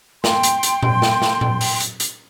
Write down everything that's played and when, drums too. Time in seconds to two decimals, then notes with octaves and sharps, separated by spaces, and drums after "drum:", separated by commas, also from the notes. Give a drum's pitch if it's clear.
0.24 G5 C6, drum: snare
0.43 drum: hi-hat
0.63 drum: hi-hat
0.83 drum: tom A#2
1.02 drum: snare
1.22 drum: snare
1.41 drum: tom A#2
1.61 drum: open hi-hat
1.80 drum: hi-hat
2.00 drum: hi-hat